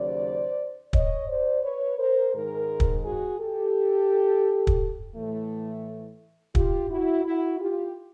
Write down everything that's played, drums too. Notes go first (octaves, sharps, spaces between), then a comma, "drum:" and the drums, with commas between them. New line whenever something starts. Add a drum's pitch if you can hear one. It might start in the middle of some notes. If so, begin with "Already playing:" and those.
Already playing: D#2 C#3 F#3 C5 D5
C#5 D#5, drum: kick
C5 D5
B4 C#5
A#4 C5
G#2 D#3 G#3 G#4 A#4
drum: kick
F#4 G#4
G4 A4
drum: kick
A2 E3 A3
F4 G4, drum: kick
E4 F#4
E4 F#4
F4 G4